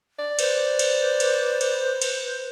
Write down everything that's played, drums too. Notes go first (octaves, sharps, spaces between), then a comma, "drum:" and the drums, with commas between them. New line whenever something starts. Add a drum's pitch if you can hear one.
D5
B4 C5, drum: cymbal
drum: cymbal
drum: cymbal
drum: cymbal
drum: cymbal